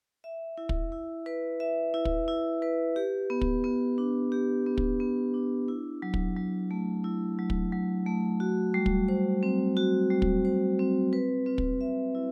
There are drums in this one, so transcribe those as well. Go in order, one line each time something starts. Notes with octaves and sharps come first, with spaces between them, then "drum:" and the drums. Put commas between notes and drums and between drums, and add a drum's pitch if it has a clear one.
E5
E4
drum: kick
E4
B4
E5
E4
drum: kick
E4
B4
G4
B3
drum: kick
B3
D4
G4
B3
drum: kick
B3
D4
E4
F#3
drum: kick
F#3
A3
E4
F#3
drum: kick
F#3
A3
F#4
G3
drum: kick
C5
C4
F#4
G3
drum: kick
C5
C4
B4
C4
drum: kick
E5
E4